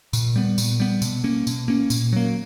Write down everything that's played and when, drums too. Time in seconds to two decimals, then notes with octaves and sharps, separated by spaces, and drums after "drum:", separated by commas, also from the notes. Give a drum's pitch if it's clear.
0.13 A#2, drum: tambourine
0.36 G3 B3
0.58 A#2, drum: tambourine
0.80 G3 B3
1.02 B2, drum: tambourine
1.24 A#3 C#4
1.47 B2, drum: tambourine
1.68 A#3 C#4
1.90 A#2, drum: tambourine
2.13 F#3 A#3